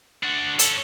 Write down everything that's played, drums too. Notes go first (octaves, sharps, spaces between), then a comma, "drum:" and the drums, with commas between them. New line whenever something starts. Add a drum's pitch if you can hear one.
D4 F#4
C#4 A4, drum: hi-hat